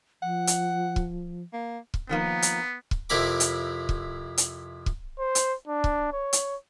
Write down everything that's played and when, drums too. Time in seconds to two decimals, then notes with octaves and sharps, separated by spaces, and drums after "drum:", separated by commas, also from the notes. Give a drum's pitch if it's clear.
0.22 F3 F#5
0.47 drum: hi-hat
0.96 drum: kick
1.53 A#3
1.94 drum: kick
2.09 D#3 F3 A#3 B3
2.42 drum: hi-hat
2.91 drum: kick
3.10 F2 C3 E4 A#4 B5 D6
3.40 drum: hi-hat
3.89 drum: kick
4.38 drum: hi-hat
4.86 drum: kick
5.19 C5
5.35 drum: hi-hat
5.68 D4
5.84 drum: kick
6.13 C#5
6.33 drum: hi-hat